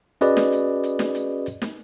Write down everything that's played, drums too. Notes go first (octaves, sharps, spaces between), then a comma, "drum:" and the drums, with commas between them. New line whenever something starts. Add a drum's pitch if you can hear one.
C#4 F#4 G#4 B4 D5 D#5, drum: hi-hat
drum: snare
drum: hi-hat
drum: hi-hat
drum: snare
drum: hi-hat
drum: hi-hat
drum: snare